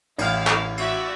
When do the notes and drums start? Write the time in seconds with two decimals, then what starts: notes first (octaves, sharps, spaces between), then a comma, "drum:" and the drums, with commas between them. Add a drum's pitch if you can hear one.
0.19 A1 E4 F5 F6, drum: cymbal
0.47 drum: clap
0.78 F#4 D5 E5, drum: cymbal